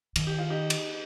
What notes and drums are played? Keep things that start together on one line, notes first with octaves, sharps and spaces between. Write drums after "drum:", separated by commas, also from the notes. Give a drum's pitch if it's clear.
D#3, drum: cymbal
G4
F4
D#4 G4
drum: cymbal